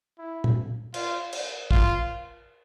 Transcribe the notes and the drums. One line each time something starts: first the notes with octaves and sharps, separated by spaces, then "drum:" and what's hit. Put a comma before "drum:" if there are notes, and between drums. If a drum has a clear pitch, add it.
E4
drum: tom
F4, drum: cymbal
drum: cymbal
F4, drum: kick